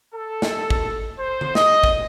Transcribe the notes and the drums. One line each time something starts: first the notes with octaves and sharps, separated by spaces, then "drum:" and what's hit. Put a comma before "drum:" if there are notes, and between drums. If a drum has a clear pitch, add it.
A4
drum: snare
drum: kick
C5
drum: tom D3
D#5, drum: snare
drum: kick